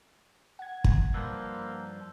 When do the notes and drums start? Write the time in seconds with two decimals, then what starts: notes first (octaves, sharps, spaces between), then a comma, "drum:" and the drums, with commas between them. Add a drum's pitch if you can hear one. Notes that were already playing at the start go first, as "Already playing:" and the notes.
0.59 F#5 G#6
0.84 drum: kick
1.14 G2 F3 A#3 E6 F#6 G6